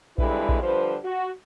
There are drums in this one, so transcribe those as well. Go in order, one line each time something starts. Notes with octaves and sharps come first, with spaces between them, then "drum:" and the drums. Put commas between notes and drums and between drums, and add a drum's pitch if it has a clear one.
F2 D3 G3 G#3 E4 B4, drum: kick A#1
drum: kick A#1
D3 F3 G3 B4 C5
F#4